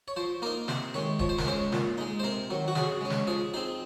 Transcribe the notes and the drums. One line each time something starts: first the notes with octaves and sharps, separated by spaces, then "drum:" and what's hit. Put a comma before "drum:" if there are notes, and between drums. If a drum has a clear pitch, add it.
C#5
F3 C5
A#3 D#4 A#4
C3 C5, drum: snare
D#3 G#3 C#5
F3 C#5, drum: kick D#1
C5
A#4, drum: snare
G#3 C#4 C5
A#2, drum: snare
G#3 D#4
C5
C3 A#4
D#3 F#3
F#4
C#3 G#4, drum: snare
G#3 C#4
drum: snare
F3 G#4
C4 D#4 G#4